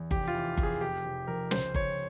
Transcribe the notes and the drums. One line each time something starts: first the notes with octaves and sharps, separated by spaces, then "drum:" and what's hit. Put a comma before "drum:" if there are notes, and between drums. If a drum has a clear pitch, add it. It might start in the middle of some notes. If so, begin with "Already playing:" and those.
Already playing: E2
F1 G4, drum: kick G1
F4
E3
E2, drum: kick G1
G#4
F1 G4
F1
F2 A#4
C#2 C5, drum: snare
C#2 C#5, drum: kick G1